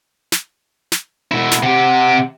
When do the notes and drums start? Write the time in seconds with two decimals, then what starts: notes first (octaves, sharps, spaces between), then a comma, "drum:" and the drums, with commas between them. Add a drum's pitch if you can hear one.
0.32 drum: snare
0.92 drum: snare
1.32 B2 E4
1.51 drum: snare
1.63 C3 G4 F#5